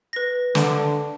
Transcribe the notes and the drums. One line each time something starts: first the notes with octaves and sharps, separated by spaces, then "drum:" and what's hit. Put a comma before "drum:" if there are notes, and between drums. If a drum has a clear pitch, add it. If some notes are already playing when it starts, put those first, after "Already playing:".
B4 A#6
D3, drum: snare